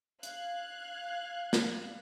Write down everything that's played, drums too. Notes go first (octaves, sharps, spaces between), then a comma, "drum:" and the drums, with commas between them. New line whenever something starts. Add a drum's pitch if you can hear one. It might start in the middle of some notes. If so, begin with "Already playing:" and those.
F5 F#6 G#6, drum: hi-hat
drum: snare